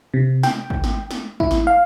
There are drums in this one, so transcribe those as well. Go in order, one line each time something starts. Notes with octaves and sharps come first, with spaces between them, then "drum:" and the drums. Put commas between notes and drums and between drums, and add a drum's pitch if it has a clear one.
C3
G5, drum: snare
drum: kick
drum: snare
drum: snare
E4, drum: kick
drum: snare
F5